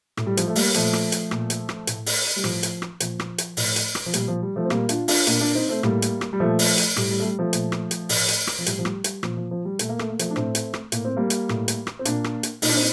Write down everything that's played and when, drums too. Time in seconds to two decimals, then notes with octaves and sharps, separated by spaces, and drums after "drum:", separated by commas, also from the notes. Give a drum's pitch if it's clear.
0.17 A2, drum: rim click
0.26 G3
0.37 F3, drum: hi-hat
0.48 A3
0.55 G3 A#3, drum: open hi-hat
0.74 A#2 F3 A3, drum: hi-hat
0.93 drum: rim click
1.12 drum: hi-hat
1.31 A#2, drum: rim click
1.50 drum: hi-hat
1.69 drum: rim click
1.87 A2, drum: hi-hat
2.06 drum: open hi-hat
2.36 G3
2.44 A2 F3, drum: rim click
2.63 drum: hi-hat
2.82 drum: rim click
3.00 A#2 F3, drum: hi-hat
3.19 drum: rim click
3.38 drum: hi-hat
3.57 A2, drum: open hi-hat
3.76 drum: hi-hat
3.95 drum: rim click
4.06 F3
4.14 A#2 G3, drum: hi-hat
4.28 F3
4.42 G3
4.56 F3 A3
4.65 C4
4.70 A#2 G3 A#3, drum: rim click
4.89 D4 F4, drum: hi-hat
5.08 D4 F4, drum: open hi-hat
5.27 A#2 A#3 D4, drum: hi-hat
5.41 A#3 D4
5.55 C4 D#4
5.69 A3 C4
5.83 A2 G3 A#3, drum: rim click
6.02 drum: hi-hat
6.21 drum: rim click
6.33 G3
6.40 A#2 F3 A3
6.59 drum: open hi-hat
6.78 drum: hi-hat
6.96 A2 G3, drum: rim click
7.11 G3
7.20 A3
7.25 G3
7.39 F3 A3
7.53 A#2, drum: hi-hat
7.72 drum: rim click
7.91 drum: hi-hat
8.09 A2, drum: open hi-hat
8.28 drum: hi-hat
8.47 drum: rim click
8.59 F3
8.66 A2 G3, drum: hi-hat
8.79 F3
8.85 G3, drum: rim click
9.04 G3, drum: hi-hat
9.23 A#2 F3, drum: rim click
9.37 F3
9.51 F3
9.65 G3
9.79 A#2 A3, drum: hi-hat
9.89 A#3
9.99 A3, drum: rim click
10.09 A#3
10.19 F3 A3, drum: hi-hat
10.31 D4
10.36 A2 A3 C4, drum: rim click
10.55 drum: hi-hat
10.74 drum: rim click
10.92 A2 A#3, drum: hi-hat
11.05 C4
11.17 G3 A#3
11.30 drum: hi-hat
11.49 A2, drum: rim click
11.68 drum: hi-hat
11.87 drum: rim click
11.99 C4
12.05 A#2 A#3 D4, drum: hi-hat
12.24 drum: rim click
12.43 drum: hi-hat
12.62 A#2 D#4, drum: open hi-hat
12.69 D4
12.77 C4 D#4